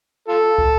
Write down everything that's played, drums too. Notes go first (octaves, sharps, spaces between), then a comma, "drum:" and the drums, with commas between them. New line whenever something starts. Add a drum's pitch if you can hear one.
F4 A4
drum: kick